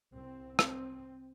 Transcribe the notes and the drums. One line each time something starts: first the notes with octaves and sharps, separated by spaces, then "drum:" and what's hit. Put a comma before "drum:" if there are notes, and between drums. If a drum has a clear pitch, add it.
C2 C3 C4
C4, drum: rim click